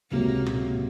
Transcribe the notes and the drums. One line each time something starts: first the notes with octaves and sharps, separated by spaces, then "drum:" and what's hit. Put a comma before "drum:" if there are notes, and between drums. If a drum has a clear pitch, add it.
C#2 C3 F#3 A#3
drum: tom